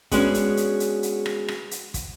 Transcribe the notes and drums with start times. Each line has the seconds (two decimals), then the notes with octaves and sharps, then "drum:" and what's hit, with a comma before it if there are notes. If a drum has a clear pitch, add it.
0.11 G#3 B3 C#4 D4 F#4 G#4, drum: kick, hi-hat
0.34 drum: hi-hat
0.57 drum: hi-hat
0.80 drum: hi-hat
1.03 drum: hi-hat
1.26 drum: rim click
1.48 drum: rim click
1.71 drum: hi-hat
1.94 drum: kick, hi-hat